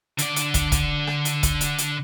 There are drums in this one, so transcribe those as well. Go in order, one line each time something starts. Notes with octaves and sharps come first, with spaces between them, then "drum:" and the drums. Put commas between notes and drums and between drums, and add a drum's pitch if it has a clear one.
D3 D5, drum: hi-hat
drum: hi-hat
drum: kick, hi-hat
drum: kick, hi-hat
drum: rim click
drum: hi-hat
drum: kick, hi-hat
drum: hi-hat
drum: hi-hat